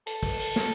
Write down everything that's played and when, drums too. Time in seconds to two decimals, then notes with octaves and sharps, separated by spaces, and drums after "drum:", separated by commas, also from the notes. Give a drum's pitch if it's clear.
0.07 A4, drum: hi-hat
0.23 drum: kick, open hi-hat
0.39 drum: open hi-hat
0.56 drum: snare